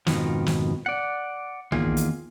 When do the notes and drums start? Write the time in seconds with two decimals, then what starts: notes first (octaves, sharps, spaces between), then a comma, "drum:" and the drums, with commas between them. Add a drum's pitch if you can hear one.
0.07 F2 G#2 B2 D#3 F3, drum: snare
0.46 drum: snare
0.86 D5 F#5
1.72 E2 D#3 A#3 F4 G#4, drum: tom B1
1.97 drum: hi-hat